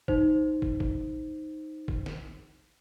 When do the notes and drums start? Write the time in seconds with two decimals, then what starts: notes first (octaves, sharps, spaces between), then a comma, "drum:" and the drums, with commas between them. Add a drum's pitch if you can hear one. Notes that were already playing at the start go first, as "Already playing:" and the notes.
0.08 D#4 C5, drum: kick
0.62 drum: kick
0.80 drum: kick
1.88 drum: kick
2.06 drum: snare